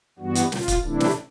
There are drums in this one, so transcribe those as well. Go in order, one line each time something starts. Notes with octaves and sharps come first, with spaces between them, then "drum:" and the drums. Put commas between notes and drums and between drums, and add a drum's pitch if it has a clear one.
G2 E3 G3 B3 F#4
drum: hi-hat
F4, drum: snare
drum: kick C#1, hi-hat
C3 E3 A3 D4 E4
drum: snare